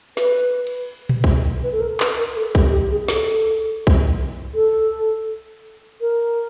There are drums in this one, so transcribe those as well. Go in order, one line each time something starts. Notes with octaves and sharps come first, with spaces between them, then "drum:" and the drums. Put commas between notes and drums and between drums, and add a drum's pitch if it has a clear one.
B4, drum: snare
drum: cymbal
drum: tom A#2
drum: kick B1
B4
A4
A#4
B4, drum: clap
A#4
A4
G4, drum: kick B1
G4
G#4
A4, drum: snare
drum: kick B1
A4
A#4